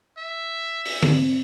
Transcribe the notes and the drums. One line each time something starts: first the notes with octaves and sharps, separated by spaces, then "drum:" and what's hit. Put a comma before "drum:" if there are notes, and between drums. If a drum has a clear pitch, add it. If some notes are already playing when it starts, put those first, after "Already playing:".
E5
drum: open hi-hat
C4, drum: tom D3